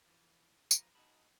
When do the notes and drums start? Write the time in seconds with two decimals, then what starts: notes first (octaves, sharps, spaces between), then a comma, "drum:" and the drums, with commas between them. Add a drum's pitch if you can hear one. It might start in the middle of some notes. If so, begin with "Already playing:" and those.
0.06 E3 F3
0.71 B2 F3 B4 A#5, drum: tambourine
0.95 D#4 F4 F#4 G#4 A5 B5